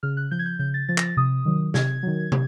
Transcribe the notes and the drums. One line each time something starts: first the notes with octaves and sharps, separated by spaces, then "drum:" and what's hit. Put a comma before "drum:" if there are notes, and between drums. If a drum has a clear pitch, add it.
C#3 F6
F#6
F3 G6
G#6
G6
C#3 G6
A6
F3 A6
A#6, drum: clap
A6
C3 D#6
D#3 F#3
C3 G#6, drum: snare
D#3 F#3
C3, drum: tom